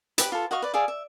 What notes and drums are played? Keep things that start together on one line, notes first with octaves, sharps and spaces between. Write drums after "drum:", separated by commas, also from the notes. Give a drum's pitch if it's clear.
G4 B4 B5, drum: hi-hat
F4 A4
F#4 D#5 F5 C#6
B4 D5
G#4 D5 E5 F5
E5